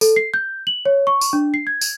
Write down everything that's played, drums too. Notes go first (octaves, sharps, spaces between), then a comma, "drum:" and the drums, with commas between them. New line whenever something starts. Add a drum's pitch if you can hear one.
A4, drum: tambourine
C7
G6
F#7
C#5
C#6
drum: tambourine
D4
C7
G#6
drum: tambourine